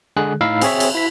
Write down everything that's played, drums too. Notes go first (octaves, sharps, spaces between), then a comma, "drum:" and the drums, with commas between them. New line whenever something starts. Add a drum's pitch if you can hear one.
D3 G#3 G#4 F#6
A2 D#4 F5 B5 E6
C4 G#4 C#5 E5, drum: cymbal
drum: cymbal
E4 B6